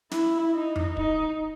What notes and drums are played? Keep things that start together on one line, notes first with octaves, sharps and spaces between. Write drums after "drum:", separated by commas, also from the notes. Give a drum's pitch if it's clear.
E4, drum: snare
D#4
drum: tom F2
D#4, drum: kick